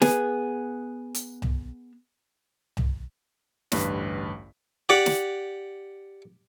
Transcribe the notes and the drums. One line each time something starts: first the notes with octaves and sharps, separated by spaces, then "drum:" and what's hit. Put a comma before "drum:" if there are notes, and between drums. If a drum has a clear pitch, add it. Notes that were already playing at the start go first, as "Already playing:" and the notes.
B3 G#4, drum: snare
drum: hi-hat
drum: tom C2
drum: tom C2
A1 D2 G2 B4 B6, drum: snare
G4 D5 F#5
drum: snare